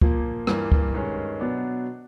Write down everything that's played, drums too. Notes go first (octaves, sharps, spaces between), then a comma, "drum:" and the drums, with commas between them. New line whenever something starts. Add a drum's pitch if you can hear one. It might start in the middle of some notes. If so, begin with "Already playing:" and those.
A#2 F3 A#3, drum: kick
G2 E3 G3 A#3, drum: rim click
drum: kick
G2 D#3 G#3 C#4
B2 F#3 B3 D4